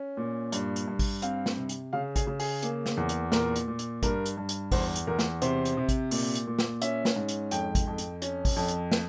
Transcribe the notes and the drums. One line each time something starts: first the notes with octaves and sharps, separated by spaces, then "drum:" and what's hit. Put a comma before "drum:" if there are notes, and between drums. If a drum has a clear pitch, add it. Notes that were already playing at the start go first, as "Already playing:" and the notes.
Already playing: C#4
A#2
G2, drum: hi-hat
drum: hi-hat
G2
drum: kick G#1, open hi-hat
C4 F5, drum: hi-hat
drum: snare
C3
drum: hi-hat
C#3 F5
G#4, drum: kick G#1, hi-hat
C#3
G#4, drum: open hi-hat
A#3, drum: hi-hat
drum: snare
E2
drum: hi-hat
A#2 A#4, drum: snare
drum: hi-hat
A#2
drum: hi-hat
G2 A#4, drum: kick G#1, hi-hat
drum: hi-hat
G2
drum: hi-hat
E2 C5, drum: kick G#1, open hi-hat
drum: hi-hat
E2 A#4
drum: snare
C3 C5, drum: hi-hat
drum: hi-hat
C3
drum: kick G#1, hi-hat
A#2, drum: open hi-hat
drum: hi-hat
A#2
drum: snare
C#4 E5, drum: hi-hat
drum: snare
G#2
drum: hi-hat
F2 G5, drum: hi-hat
drum: kick G#1, hi-hat
F2
drum: hi-hat
C#4, drum: hi-hat
drum: kick G#1, open hi-hat
F2
drum: hi-hat
drum: snare